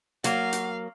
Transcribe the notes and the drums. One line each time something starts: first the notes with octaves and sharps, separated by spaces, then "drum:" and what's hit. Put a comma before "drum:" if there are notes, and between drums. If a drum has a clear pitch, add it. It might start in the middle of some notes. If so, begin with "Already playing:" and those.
F#3 A#3 F5 F#5, drum: hi-hat
drum: hi-hat